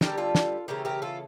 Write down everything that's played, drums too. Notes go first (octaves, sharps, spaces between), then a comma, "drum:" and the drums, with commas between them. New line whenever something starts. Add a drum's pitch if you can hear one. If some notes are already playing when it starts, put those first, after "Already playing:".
D3 G3 G4 A#4, drum: snare
F4 A4
drum: snare
C#3 E3 A3 G4 A#4
G4 A#4
F4 A4